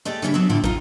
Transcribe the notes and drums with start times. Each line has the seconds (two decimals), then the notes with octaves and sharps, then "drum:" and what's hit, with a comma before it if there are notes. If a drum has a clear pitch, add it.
0.05 G#3 A3 G4 D5
0.22 C#3 E3 G3 C#4 D4 E5
0.34 D3 F#3 B3 C4
0.49 D2 A2 D3 E3 F4 G5
0.64 D#4 F4, drum: kick